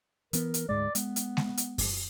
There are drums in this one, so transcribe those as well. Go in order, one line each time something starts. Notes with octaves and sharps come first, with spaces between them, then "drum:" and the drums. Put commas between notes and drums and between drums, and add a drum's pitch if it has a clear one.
E3 B3 A#4, drum: hi-hat
drum: hi-hat
D2 G#2 G#3 D5
G#3 B3, drum: hi-hat
drum: hi-hat
drum: snare G#3
drum: hi-hat
drum: kick F#2, open hi-hat